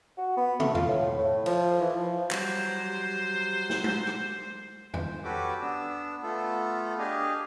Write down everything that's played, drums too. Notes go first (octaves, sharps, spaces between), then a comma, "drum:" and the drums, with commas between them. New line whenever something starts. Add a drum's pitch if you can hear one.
F#4
B3
A3, drum: tom
F4, drum: tom E2
A2
A2
F3, drum: cymbal
E3
F3
F#3 G3 C5, drum: clap
drum: snare
drum: tom G#3
drum: rim click
C5, drum: tom E2
C#4 F#4 G4 A4 B4 D6
B3 D4 E6
A3 B3 F4 A4
D4 G4 G#4 D#5 F5 G#5